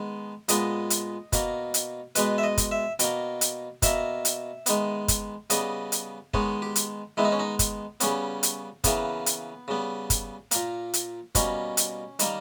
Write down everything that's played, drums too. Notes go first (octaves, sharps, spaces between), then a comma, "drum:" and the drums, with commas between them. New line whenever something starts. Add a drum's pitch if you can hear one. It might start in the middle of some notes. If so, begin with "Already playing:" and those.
Already playing: D#3 G#3 B3
A#2 G#3 B3 D#5, drum: hi-hat
drum: hi-hat
B2 A#3, drum: kick F#1, hi-hat
drum: hi-hat
B2 G#3 B3 B4, drum: hi-hat
E5
D#5
drum: kick F#1, hi-hat
E5
B2 A#3 G5, drum: hi-hat
drum: hi-hat
B2 A#3 E5, drum: kick F#1, hi-hat
drum: hi-hat
D#3 G#3 B3, drum: hi-hat
drum: kick F#1, hi-hat
C#3 G3 B3 D#5, drum: hi-hat
drum: hi-hat
D#3 G#3 B3 C#5, drum: kick F#1
G4
drum: hi-hat
D#3 G#3 B3 E4
D#4
C#4
D#4
drum: kick F#1, hi-hat
C#3 G3 B3 C#4, drum: hi-hat
drum: hi-hat
C#3 E3 A#3 B3, drum: kick F#1, hi-hat
drum: hi-hat
C#3 G3 B3
drum: kick F#1, hi-hat
A#2 A#3, drum: hi-hat
drum: hi-hat
B2 G3 A#3 C#4, drum: kick F#1, hi-hat
drum: hi-hat
D#3 G3 A#3, drum: hi-hat